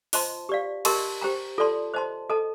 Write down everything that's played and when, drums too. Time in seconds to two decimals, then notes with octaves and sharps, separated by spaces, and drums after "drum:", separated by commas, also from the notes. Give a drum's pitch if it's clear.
0.13 F4 C5 D#5 A5 C6, drum: open hi-hat
0.49 G4 D5 F5
0.85 G4 A#4 D#5 A5 C6, drum: cymbal
1.21 G4 C5 G5 A#5
1.58 F4 A4 D5 A5 C6
1.94 C5 D#5 A5 C6
2.29 A4 D#5 A5